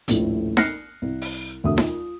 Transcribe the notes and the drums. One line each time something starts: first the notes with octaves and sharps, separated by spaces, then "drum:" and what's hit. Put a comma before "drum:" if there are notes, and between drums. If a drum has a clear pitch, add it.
D#1 A#1 A2 F3 E4, drum: hi-hat
F6 F#6 A#6 C7 C#7, drum: snare D#4
C2
drum: open hi-hat
E1 D2 F#4 E5 D#6
F4, drum: snare D#4